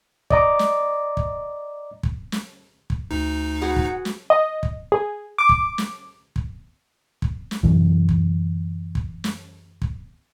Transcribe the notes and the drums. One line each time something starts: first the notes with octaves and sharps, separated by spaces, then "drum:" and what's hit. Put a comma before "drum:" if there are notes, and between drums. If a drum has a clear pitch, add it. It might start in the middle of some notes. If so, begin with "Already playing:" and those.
D5 D#5 A#5 D6, drum: kick
drum: snare
drum: kick
drum: kick
drum: snare
drum: kick
D2 D#4
F#4 G#4 B4 F#5
drum: kick
drum: snare
D#5
drum: kick
G#4
D6
drum: kick
drum: snare
drum: kick
drum: kick
drum: snare
F#2 C3 E3
drum: kick
drum: kick
drum: snare
drum: kick